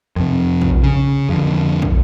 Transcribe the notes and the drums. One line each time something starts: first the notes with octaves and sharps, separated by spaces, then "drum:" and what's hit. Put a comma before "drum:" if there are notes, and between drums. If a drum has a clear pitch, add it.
F2 C3, drum: rim click
drum: kick
C#3
F2 D3
drum: kick